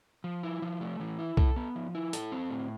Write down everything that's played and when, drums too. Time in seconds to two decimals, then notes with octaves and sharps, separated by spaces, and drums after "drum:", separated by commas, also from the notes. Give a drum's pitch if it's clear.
0.24 F3
0.43 E4
0.62 F3
0.81 A3
1.00 E3
1.19 E4
1.37 A4, drum: kick C2
1.56 B3
1.75 F3
1.95 E4
2.13 A4, drum: hi-hat
2.32 C4
2.50 A2